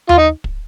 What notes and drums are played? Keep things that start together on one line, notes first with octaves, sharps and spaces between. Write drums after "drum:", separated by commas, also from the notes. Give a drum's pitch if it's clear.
F4, drum: tom D#2
D#4
drum: kick